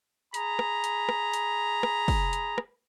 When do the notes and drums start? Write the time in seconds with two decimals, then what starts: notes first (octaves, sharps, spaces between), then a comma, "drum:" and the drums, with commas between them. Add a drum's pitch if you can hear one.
0.34 G#4 A#5 B5, drum: hi-hat
0.59 drum: rim click
0.84 drum: hi-hat
1.09 drum: rim click
1.33 drum: hi-hat
1.83 drum: rim click
2.08 drum: kick, open hi-hat
2.33 drum: hi-hat
2.58 drum: rim click